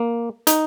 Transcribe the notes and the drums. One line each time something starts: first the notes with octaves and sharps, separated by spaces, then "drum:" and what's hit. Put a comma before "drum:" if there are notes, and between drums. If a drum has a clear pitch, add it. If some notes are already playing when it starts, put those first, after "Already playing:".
Already playing: A#3
D#4, drum: hi-hat